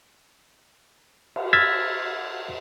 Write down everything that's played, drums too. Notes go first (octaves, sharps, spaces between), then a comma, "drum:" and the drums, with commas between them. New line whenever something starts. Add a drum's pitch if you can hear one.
drum: cymbal
E6 F6 G#6 A6 B6